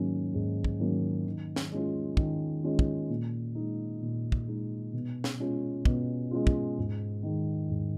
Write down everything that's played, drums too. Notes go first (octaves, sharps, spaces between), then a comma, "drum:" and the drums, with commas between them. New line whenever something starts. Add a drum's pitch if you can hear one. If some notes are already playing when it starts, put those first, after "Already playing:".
Already playing: G#2 D#3 F#3 A#3 C#4
G#2
drum: kick
D#3 F#3 A#3 C#4
D#3
drum: snare
G#3 C#4 F4
D#3, drum: kick
G#3 C#4 F4
drum: kick
A#2
G#3 D#4
A#2
drum: kick
G#3 D#4
B2
drum: snare
G#3 C#4 F4
B2, drum: kick
G#3 C#4 F4
drum: kick
G#2
D#3 G#3
G#2